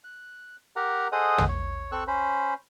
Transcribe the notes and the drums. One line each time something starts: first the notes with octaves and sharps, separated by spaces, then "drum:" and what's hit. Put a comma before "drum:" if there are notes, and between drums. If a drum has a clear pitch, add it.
F#6
G4 A#4 F#5 A#5
G#4 A4 C5 D#5 F#5 D#6
drum: tom
C#5
C4 A4 C#6 E6 F#6
C#4 C5 B5